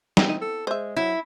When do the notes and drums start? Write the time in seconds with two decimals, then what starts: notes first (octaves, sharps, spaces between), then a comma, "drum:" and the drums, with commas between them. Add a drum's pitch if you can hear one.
0.17 B3 C4 E4, drum: snare
0.29 D#4
0.41 A4
0.67 G#3 C5 E5
0.96 F#3 E4